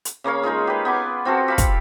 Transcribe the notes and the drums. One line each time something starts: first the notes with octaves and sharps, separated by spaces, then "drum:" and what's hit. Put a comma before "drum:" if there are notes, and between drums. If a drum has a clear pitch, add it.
drum: hi-hat
C#3 A#3 C#5 F5
G#3 D#4 F4 G#4
G4 B4
B3 G#5 D6
C4 F4 F#4 A4
G4 F5 B5
drum: kick, hi-hat